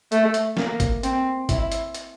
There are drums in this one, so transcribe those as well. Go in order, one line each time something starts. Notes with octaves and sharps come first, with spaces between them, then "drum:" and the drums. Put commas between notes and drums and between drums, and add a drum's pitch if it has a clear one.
A3, drum: hi-hat
drum: hi-hat
A#3, drum: snare
drum: kick G#1, hi-hat
C4, drum: hi-hat
E4, drum: kick G#1, hi-hat
drum: hi-hat
drum: hi-hat